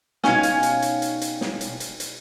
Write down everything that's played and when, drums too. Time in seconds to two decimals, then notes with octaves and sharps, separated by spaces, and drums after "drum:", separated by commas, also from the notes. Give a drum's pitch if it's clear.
0.24 B2 C#4 D#4 F5 G5 G#5, drum: snare
0.43 drum: hi-hat
0.63 drum: hi-hat
0.82 drum: hi-hat
1.02 drum: hi-hat
1.22 drum: hi-hat
1.41 drum: snare
1.61 drum: hi-hat
1.80 drum: hi-hat
2.00 drum: hi-hat